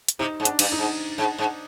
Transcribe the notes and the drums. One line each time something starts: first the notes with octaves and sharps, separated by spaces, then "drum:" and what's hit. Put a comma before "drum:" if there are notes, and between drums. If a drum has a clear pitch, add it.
drum: hi-hat
C3 D#4
G#2
D4, drum: hi-hat
G2, drum: cymbal
D#4
G#2
G#2
G#2